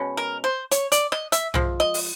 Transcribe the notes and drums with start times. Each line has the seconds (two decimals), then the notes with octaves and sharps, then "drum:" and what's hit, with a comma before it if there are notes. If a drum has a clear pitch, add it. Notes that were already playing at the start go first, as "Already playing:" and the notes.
Already playing: B2 G#3 C#4
0.17 A#4
0.44 C5
0.71 C#5, drum: hi-hat
0.92 D5, drum: hi-hat
1.12 D#5, drum: rim click
1.32 E5, drum: hi-hat
1.54 F3 G#3, drum: tom B1
1.80 D#5
1.94 drum: open hi-hat